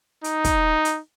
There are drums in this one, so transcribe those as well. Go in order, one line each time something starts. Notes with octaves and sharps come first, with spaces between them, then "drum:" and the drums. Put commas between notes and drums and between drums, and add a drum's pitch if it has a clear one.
D#4, drum: hi-hat
drum: kick, hi-hat
drum: hi-hat